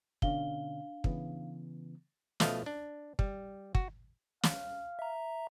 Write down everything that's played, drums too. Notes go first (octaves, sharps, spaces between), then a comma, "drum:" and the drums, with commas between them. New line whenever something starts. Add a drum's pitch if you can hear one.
B2 D3 C#4 D4 F5 G7, drum: kick
C#3 E3 B3, drum: kick
B2 F3 A3 D#5 F5, drum: snare
D4
G3, drum: kick
F#4, drum: kick
F5, drum: snare
E5 A#5